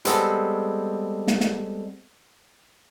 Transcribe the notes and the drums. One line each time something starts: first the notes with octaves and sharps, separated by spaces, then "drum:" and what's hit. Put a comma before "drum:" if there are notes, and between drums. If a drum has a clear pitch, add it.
G3 G#3 B3 C4 A4, drum: hi-hat
drum: snare
drum: snare